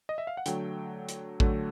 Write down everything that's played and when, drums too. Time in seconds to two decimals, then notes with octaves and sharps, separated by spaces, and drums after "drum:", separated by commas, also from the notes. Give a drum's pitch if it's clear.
0.09 D#5
0.18 E5
0.27 F5
0.37 F#5
0.46 D3 F#3 A3 G5, drum: hi-hat
1.09 drum: hi-hat
1.40 D3 F#3 A3, drum: kick A1